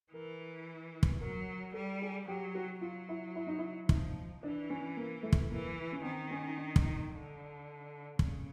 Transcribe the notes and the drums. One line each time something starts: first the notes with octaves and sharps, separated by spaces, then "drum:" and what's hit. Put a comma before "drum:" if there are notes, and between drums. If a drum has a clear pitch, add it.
E3 A#4
drum: kick
F#3 A#4
G3 A4
G#4
F#3 G4
F#4
F#3 F4
E4
E4
D#4
E4
F3 D#4, drum: kick
E3 D4
C#4
A#3
A3
drum: kick
E3 A#3
C#4
D#3 C4
C#4
D#4
D4
drum: kick
D#4
D3
C#3, drum: kick